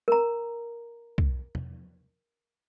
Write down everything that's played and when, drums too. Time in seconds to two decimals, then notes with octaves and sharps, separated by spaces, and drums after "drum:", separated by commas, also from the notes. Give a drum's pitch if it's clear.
0.08 A#4 A#5
1.18 drum: kick
1.55 drum: tom